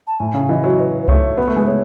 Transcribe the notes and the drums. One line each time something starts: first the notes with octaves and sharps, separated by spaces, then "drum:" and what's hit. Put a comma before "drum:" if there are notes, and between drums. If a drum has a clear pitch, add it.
A5
A2 G#5
C#3
E3 D#5
F#3
B4
B4
A3 C#5, drum: kick C2
B3 B4
A3
G#3 B4
A3 C#5